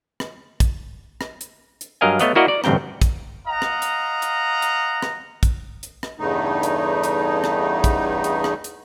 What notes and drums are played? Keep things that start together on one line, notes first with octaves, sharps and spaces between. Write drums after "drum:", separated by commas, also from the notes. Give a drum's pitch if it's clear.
drum: rim click
drum: kick, hi-hat
drum: rim click
drum: hi-hat
drum: hi-hat
G2 F#3 A#4 D#5 F5 G#5
A3 B3 C#5 D#5 F5 F#5, drum: hi-hat
A#3 E4 F#4 A#4 D5 D#5
D5
A1 D2 G2 C4 G5 A#5, drum: rim click
drum: kick, hi-hat
D#5 F5 F#5 A#5
drum: rim click
drum: hi-hat
drum: hi-hat
drum: hi-hat
drum: rim click
drum: kick, hi-hat
drum: hi-hat
drum: rim click
E2 G2 C#3 A3 D#4
drum: hi-hat
drum: hi-hat
drum: rim click
drum: kick, hi-hat
drum: hi-hat
drum: rim click
drum: hi-hat